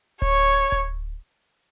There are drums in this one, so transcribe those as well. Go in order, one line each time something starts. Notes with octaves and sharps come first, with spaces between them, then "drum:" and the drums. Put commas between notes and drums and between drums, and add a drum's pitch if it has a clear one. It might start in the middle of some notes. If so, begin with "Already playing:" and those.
C#5, drum: kick D1
drum: kick D1